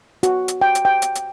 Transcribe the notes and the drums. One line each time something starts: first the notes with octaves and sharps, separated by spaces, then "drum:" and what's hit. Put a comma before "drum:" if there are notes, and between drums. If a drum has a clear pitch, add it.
F#4, drum: hi-hat
drum: hi-hat
G5
drum: hi-hat
G5
drum: hi-hat
drum: hi-hat